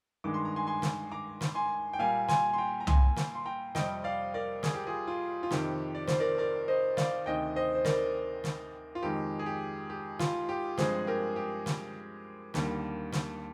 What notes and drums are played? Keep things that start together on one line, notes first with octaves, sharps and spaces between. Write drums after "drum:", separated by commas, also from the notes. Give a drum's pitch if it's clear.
G2 D#3 G#3 D6
C6
A#5
G#5 C6
G#5 C6
drum: snare
A#5 D6
drum: snare
G#5 C6
G5
A#2 G3 A#3 F5 G#5
G#5 C6, drum: snare
C6
G5 A#5
A#5
G#5 C6, drum: tom C2
drum: snare
C6
G5 A#5
F2 C3 G3 C4 D#5 G5, drum: snare
D5 F5
A#4 D5
G#4, drum: snare
G4
F4 G#4
F4
F4
F2 C3 D#3 G4, drum: snare
D5
C5, drum: snare
A#4 D5
A#4 D5
C5 D#5
D5 F5, drum: snare
D2 C3 D#3 D#5 G5
C5 D#5
C5
A#4 D5, drum: snare
drum: snare
F4
F2 D#3 G#3 G4
G#4
G4
G4
F4, drum: snare
G4
G2 F3 G#3 C4 G#4 C5, drum: snare
G4 A#4
G4
drum: snare
D#2 D3 G3 A#3, drum: snare
drum: snare